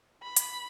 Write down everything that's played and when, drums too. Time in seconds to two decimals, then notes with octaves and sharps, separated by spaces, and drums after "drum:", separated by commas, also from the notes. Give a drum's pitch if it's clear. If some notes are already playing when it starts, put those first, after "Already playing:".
0.23 B5
0.37 drum: hi-hat